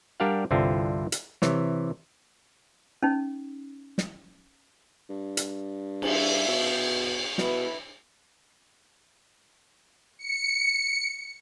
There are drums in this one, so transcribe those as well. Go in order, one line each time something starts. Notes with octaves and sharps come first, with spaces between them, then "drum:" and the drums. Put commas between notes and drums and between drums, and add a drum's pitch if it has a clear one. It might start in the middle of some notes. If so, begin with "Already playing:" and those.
G3 D4 G4 A#4 F5 F#5
C2 G2 D3 C4 E4 F4
drum: hi-hat
C3 E3 C#5, drum: snare
C#4 D#4
drum: snare
G2
drum: hi-hat
E5 F5, drum: cymbal
B2
B2 E4 B4, drum: snare
C#7